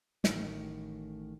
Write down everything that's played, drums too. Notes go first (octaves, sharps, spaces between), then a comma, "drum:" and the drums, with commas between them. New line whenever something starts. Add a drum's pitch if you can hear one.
A1 A2 D#3, drum: snare